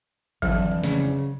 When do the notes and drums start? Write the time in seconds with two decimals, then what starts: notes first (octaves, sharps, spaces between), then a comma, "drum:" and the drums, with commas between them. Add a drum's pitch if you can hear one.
0.42 F2 D3 E3 F#3, drum: kick G#1
0.83 C#3, drum: snare